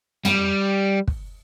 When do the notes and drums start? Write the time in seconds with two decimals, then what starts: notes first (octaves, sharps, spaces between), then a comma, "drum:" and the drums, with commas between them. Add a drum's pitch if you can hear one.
0.25 G3, drum: tom
1.08 drum: kick